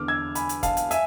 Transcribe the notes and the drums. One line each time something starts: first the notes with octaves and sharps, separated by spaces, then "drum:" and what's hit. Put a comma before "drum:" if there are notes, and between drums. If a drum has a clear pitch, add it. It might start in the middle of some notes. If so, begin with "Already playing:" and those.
Already playing: E2 D3 D6 F6
E6 G#6
G#5 B5, drum: hi-hat
drum: hi-hat
F5 A5, drum: kick, hi-hat
drum: hi-hat
E5 G#5, drum: hi-hat